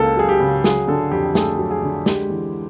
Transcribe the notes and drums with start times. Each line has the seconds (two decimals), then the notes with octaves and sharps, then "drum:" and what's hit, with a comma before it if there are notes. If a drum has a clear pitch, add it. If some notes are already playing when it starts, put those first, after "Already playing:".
Already playing: C#2 C#3 A#3 A4
0.17 F#3 G#4
0.29 G4
0.40 C#3
0.64 F#3 G#4, drum: snare
0.88 D3 A4
1.11 F2 G4
1.35 A3 G#4, drum: snare
1.59 F#3
1.71 G#4
1.83 D3
2.06 G#3 G4, drum: snare
2.30 E3